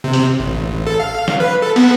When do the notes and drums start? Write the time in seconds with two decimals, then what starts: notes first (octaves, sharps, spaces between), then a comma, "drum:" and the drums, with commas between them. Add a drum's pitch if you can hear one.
0.04 C3
0.13 drum: open hi-hat
0.40 A1
0.87 A4
1.00 F5
1.28 drum: snare
1.40 B4
1.62 A4
1.76 B3, drum: cymbal